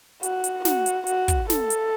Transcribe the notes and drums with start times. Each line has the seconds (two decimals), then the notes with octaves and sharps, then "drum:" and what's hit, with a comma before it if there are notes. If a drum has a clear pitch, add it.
0.23 F#4, drum: hi-hat
0.44 drum: hi-hat
0.65 F#4, drum: snare
0.86 drum: hi-hat
1.07 F#4, drum: hi-hat
1.28 drum: kick, hi-hat
1.50 A4, drum: snare
1.70 drum: hi-hat